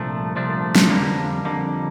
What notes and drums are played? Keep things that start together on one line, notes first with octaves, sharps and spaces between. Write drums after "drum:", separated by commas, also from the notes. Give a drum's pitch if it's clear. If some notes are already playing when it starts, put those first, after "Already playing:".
Already playing: C2 A#2 F3 A3 D4
C2 A#2 F3 A3 D4
drum: snare
F2 D3 G3 A#3
F2 D3 G3 A#3